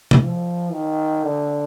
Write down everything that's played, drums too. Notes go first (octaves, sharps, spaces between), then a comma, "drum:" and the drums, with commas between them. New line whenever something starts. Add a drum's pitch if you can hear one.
drum: tom
F3
D#3
D3